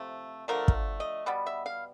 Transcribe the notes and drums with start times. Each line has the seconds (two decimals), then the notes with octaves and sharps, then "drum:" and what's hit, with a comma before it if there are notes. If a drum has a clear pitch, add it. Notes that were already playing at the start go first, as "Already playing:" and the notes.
Already playing: C3 F3 A3
0.48 D3 F3 A3 A#4
0.68 drum: kick
1.00 D#5
1.26 B2 G3 B3
1.46 E5
1.66 F5